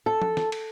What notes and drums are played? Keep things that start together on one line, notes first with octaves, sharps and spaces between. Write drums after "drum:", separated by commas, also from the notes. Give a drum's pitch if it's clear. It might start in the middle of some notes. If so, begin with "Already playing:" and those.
A4
drum: tom F3
drum: snare
drum: cymbal